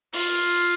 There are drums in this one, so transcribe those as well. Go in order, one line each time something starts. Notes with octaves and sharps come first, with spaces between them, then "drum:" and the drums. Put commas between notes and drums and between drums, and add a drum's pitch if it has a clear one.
F4, drum: open hi-hat